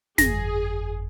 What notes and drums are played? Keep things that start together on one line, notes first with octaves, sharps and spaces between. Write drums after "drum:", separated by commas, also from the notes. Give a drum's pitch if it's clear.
G1 F2 G#4 A#6, drum: snare